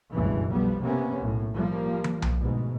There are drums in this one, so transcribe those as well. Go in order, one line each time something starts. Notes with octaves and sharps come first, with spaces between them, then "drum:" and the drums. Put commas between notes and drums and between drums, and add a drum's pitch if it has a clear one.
F#1 C#2 G2 B2 E3
B1 F3 G3 B3
C3 A#3 B3 C#4
B1 A2
F3 G3 A#3
drum: tom
drum: tom B1
D2 G#2 B2